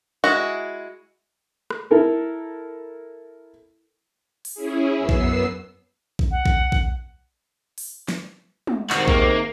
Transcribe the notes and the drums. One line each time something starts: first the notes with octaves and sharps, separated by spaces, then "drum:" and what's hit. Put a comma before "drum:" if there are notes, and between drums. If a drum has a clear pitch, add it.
G#3 E4 F#4
drum: rim click
E4 A4 A#4
drum: open hi-hat
C#4 E4 G#4
F#2 B3 E6 C7
drum: kick A#1
drum: kick A#1
F#5
drum: kick A#1
drum: kick A#1
drum: open hi-hat
drum: snare
drum: tom
G#2 C3 D#3 G#3 F#4, drum: clap
A#3, drum: kick A#1